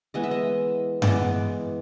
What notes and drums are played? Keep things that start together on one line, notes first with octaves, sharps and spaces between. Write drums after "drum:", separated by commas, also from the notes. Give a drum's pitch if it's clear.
E3 G#3 B3 D#5
E5
D#5
D5, drum: tom G2
E3 G#3 B3 D#5